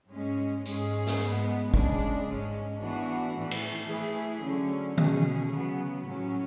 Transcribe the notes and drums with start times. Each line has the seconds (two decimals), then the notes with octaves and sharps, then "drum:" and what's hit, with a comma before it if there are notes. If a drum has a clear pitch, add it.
0.12 G#2 G#3 C#4
0.66 G#2 G#3 C#4 G#4, drum: tambourine
1.07 drum: snare
1.21 G#2 G#3 B3, drum: hi-hat
1.74 C#3 G#3 D4 G#4, drum: kick
2.28 G#2 G#3 C#4
2.82 E3 B3 D4 F#4
3.36 A2 E3 A3
3.51 drum: cymbal
3.90 E3 A3 E4 G#4
4.44 D3 F#3 C#4
4.98 B2 A3 C#4 G#4, drum: tom D3
5.52 C#3 F#3 B3
6.05 A2 F#3 C#4